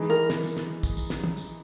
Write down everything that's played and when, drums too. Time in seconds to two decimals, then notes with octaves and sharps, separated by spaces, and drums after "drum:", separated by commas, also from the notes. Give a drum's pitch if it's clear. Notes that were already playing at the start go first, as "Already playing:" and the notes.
Already playing: E3 G#3 D#4 G#4
0.10 A#4
0.30 drum: snare
0.43 drum: tambourine
0.57 drum: snare
0.83 drum: kick, tambourine
0.97 drum: tambourine
1.10 drum: snare
1.24 drum: tom
1.37 drum: tambourine